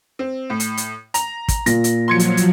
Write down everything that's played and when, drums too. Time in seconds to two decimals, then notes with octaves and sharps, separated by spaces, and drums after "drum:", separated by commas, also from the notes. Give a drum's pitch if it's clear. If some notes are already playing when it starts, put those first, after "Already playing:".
0.19 C4
0.50 A2
0.60 drum: hi-hat
0.77 drum: hi-hat
1.14 A#5, drum: hi-hat
1.48 drum: kick, hi-hat
1.66 A#2 A#6, drum: hi-hat
1.84 drum: hi-hat
2.08 F3 F#3 C6 G#6 C#7
2.20 drum: hi-hat
2.37 drum: hi-hat